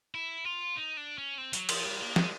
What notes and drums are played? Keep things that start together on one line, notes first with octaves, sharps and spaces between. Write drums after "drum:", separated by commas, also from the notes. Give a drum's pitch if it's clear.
E4
F4
D#4
D4
C#4
C4
F#3, drum: hi-hat
F3, drum: cymbal
G3
A#3
G#3, drum: snare